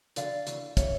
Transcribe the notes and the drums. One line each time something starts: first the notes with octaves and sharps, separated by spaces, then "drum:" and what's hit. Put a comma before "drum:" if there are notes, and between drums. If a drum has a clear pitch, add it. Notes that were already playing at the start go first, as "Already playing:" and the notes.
D2 D3 F3 D5 F5, drum: hi-hat
D2 C#3 E3, drum: hi-hat
C#3 E3 C#5 E5, drum: kick, hi-hat